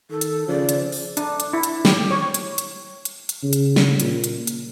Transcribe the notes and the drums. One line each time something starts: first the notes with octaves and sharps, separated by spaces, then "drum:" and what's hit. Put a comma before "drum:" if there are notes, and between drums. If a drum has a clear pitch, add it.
D#3 A4
drum: hi-hat
C#3 F3 D5
drum: hi-hat
drum: open hi-hat
D4, drum: hi-hat
drum: hi-hat
E4
drum: hi-hat
G4, drum: snare
C#5
drum: hi-hat
drum: hi-hat
drum: hi-hat
drum: hi-hat
C#3
drum: hi-hat
drum: snare
A#2, drum: hi-hat
drum: hi-hat
drum: hi-hat